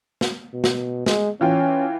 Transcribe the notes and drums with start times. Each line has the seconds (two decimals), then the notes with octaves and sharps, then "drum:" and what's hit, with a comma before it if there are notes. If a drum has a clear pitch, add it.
0.21 drum: snare
0.53 B2
0.64 drum: snare
1.06 G#3, drum: snare
1.41 E3 C#4 F4 G5